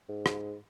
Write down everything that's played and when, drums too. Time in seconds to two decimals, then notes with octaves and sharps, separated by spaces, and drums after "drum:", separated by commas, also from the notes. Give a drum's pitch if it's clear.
0.09 G#2
0.26 drum: rim click